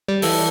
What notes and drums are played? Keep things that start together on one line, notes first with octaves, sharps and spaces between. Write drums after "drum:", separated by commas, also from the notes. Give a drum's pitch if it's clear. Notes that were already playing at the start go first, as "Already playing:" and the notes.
G3
E3 A4, drum: open hi-hat